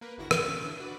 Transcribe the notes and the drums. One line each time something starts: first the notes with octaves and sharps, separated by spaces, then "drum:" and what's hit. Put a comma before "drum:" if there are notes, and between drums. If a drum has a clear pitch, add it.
A#3 A#4 B4
G1 D#2 D3 E4 F#4 A#6
F#5, drum: rim click
D3 C#4
D4 E4
F#4 B4 D5